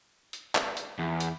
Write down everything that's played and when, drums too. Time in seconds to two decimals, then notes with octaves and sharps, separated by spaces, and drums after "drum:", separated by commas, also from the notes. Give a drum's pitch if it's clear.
0.33 drum: hi-hat
0.55 drum: clap
0.77 drum: hi-hat
0.99 E2
1.20 drum: hi-hat